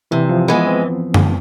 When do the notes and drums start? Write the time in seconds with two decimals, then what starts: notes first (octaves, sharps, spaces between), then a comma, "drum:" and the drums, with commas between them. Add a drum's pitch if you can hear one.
0.11 C3 E3
0.29 F3
0.48 E3 G#3 B3
0.67 C4
1.14 drum: tom